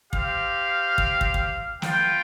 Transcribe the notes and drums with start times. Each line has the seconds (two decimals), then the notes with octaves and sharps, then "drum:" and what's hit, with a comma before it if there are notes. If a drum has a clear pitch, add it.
0.13 C4 G4 F5, drum: kick
0.98 drum: kick
1.21 drum: kick
1.34 drum: kick
1.82 B3 F4 G5, drum: snare